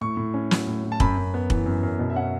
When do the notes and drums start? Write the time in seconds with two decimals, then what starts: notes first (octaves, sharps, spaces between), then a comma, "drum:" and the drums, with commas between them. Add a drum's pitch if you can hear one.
0.01 A2 C#6
0.17 A2
0.34 C#4
0.51 F#3, drum: snare
0.67 A2
0.84 A2
0.92 A5
1.00 F#2 B5, drum: kick
1.17 F#2
1.34 B3
1.50 E3, drum: kick
1.66 F#2
1.83 F#2
1.99 B2
2.10 E5
2.16 C#4 F#5